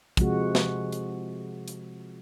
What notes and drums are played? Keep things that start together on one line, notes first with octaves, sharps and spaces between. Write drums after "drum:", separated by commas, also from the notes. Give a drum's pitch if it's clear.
C3 F3 G#3 F#4, drum: kick, hi-hat
drum: snare
drum: hi-hat
drum: hi-hat